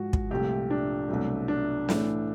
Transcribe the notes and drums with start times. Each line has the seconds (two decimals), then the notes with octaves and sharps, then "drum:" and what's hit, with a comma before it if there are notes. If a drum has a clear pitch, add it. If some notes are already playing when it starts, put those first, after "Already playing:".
Already playing: G#2 F3 G#3 F#4
0.13 drum: kick
0.31 C2 A#2 F3 A3 G4
0.71 D4
1.09 C2 B2 F#3 A3
1.48 D4
1.89 A2 E3 A3, drum: snare